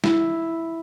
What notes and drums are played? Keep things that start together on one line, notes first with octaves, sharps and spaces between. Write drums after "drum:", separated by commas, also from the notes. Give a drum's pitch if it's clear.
E4, drum: snare